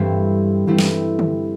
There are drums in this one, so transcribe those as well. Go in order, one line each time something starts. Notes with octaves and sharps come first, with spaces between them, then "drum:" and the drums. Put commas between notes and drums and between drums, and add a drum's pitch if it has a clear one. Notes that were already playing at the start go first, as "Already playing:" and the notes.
Already playing: G2 E3 A3 C4 E4
G2 E3 A3 C4 E4
drum: snare
drum: tom D3